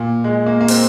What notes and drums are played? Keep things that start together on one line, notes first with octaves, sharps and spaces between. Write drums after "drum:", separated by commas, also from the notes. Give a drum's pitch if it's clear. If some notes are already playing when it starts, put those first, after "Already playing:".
Already playing: A#2
G#3
A#3
A#3
C4, drum: open hi-hat